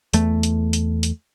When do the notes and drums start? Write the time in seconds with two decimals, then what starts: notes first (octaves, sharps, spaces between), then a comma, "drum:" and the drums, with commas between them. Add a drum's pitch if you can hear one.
0.13 E2 A3, drum: hi-hat
0.43 drum: hi-hat
0.73 drum: hi-hat
1.03 drum: hi-hat